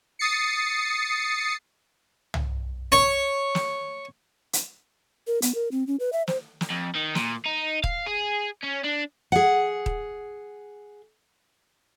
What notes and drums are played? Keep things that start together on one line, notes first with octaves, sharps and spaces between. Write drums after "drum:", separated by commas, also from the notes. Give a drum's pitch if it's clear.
D#6 A6 C7 C#7
drum: tom C2
C#5
drum: snare
drum: hi-hat
A#4
B3, drum: hi-hat
A#4
C4
C#4
B4
E5
C5, drum: snare
drum: snare
F2
D#3
A#2, drum: snare
D#4
F5, drum: kick D#1
G#4
C#4
D4
G#4 F#5
drum: kick D#1